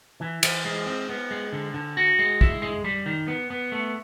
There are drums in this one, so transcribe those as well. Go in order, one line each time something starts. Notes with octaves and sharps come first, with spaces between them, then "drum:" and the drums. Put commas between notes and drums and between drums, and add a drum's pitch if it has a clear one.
E3
E3, drum: cymbal
G#3
C4
B3
G#3
D3
D3
F#4
G#3
E4, drum: kick
G#3
G3
D#3
B3
B3
A3